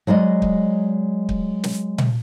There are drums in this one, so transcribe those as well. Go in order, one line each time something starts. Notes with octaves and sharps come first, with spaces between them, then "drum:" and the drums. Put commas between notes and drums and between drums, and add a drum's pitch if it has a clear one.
F#3 G#3 D5 D#5
drum: kick
drum: kick
drum: snare
drum: tom A#2